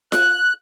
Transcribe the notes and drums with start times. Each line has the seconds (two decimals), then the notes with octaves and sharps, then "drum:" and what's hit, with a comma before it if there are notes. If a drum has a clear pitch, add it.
0.12 F#6, drum: snare F4